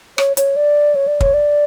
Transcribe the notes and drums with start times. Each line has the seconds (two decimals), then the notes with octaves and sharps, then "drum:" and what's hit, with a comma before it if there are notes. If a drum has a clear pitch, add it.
0.18 C#5, drum: rim click
0.37 C#5, drum: hi-hat
0.56 D5
0.95 C#5
1.07 D5
1.21 C#5, drum: kick
1.34 D5